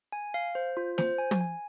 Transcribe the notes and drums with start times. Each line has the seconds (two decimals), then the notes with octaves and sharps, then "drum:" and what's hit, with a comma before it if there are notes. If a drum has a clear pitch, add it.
0.12 G#5
0.34 F5
0.55 C5
0.77 F4
0.98 C5, drum: snare
1.18 G#5
1.31 drum: tom
1.41 G#5